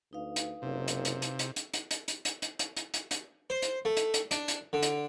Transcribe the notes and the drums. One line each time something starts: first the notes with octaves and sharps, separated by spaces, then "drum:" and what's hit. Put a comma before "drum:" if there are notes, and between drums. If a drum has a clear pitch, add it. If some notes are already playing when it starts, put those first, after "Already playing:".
D2 D#4 B4 F5
drum: hi-hat
F#1 C3
drum: hi-hat
drum: hi-hat
drum: hi-hat
drum: hi-hat
drum: hi-hat
drum: hi-hat
drum: hi-hat
drum: hi-hat
drum: hi-hat
drum: hi-hat
drum: hi-hat
drum: hi-hat
drum: hi-hat
drum: hi-hat
C5
drum: hi-hat
A3
drum: hi-hat
drum: hi-hat
D4, drum: hi-hat
drum: hi-hat
D3
drum: hi-hat